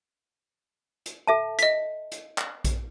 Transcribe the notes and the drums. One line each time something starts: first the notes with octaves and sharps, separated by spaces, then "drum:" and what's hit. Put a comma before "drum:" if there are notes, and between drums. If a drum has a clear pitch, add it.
drum: hi-hat
A4 E5 A5
D#5 B6, drum: hi-hat
drum: hi-hat
drum: clap
drum: kick A#1, hi-hat